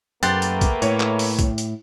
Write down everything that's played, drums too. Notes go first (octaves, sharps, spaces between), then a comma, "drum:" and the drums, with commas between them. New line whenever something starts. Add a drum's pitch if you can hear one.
F#2 A3 A#3 G4 B4 F#5 C6 A6, drum: hi-hat
drum: hi-hat
drum: kick B1, hi-hat
A2 C#5, drum: hi-hat
drum: clap
drum: open hi-hat
drum: kick B1, hi-hat
drum: hi-hat